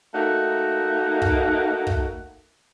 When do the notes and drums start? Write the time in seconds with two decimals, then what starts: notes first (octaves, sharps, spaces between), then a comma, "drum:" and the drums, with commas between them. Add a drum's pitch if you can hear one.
0.13 A3 A#3 D#4 F#4
1.22 drum: kick
1.87 drum: kick